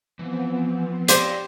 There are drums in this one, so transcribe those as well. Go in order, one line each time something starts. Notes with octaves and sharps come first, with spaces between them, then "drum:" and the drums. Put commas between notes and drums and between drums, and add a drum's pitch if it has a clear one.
E3 F3 B3 C4
G4 C5 D5 F5, drum: hi-hat